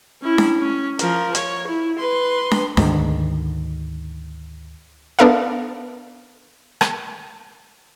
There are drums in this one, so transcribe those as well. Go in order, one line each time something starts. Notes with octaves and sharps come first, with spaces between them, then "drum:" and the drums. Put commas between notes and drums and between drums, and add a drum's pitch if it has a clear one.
C#4 E4
drum: snare D4
C#4
F3 A#4, drum: hi-hat
C#5, drum: hi-hat
E4
B4 C6
drum: snare D4
D2 G#2 D#3, drum: snare D4
B3 D4 A4 A#4 E5 F5
drum: rim click